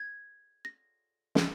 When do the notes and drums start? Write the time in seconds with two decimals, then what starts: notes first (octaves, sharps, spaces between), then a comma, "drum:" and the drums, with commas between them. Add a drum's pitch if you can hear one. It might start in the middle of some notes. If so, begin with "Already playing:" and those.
Already playing: G#6
0.65 A#6
1.35 drum: snare